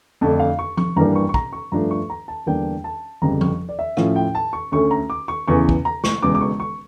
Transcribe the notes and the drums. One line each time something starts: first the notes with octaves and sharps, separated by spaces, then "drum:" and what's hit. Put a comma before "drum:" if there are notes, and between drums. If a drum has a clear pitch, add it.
F2 D3 A3 D4 A5
F5
C#6
C#6, drum: tom F3
G2 E3 G3 A#3 D4 A#5
C#6
C#6
A#5, drum: kick
C#6
G2 F3 A3 D4 A#5
C#6
A#5
A5
E2 D3 G3 A#3 D4 G5
A5
G1 F2 C#3 G3 A#5
C#6, drum: tom F3
D5
E5
A2 F3 C#4 E4 F5, drum: rim click
G5
A5
C#6
D2 D3 A3 C#4 C#6
A#5
D6
C#6
E2 C#3 E3 C#6
drum: kick
A#5
C#6, drum: snare
E1 E2 C#3 D6
D6
C#6
C#6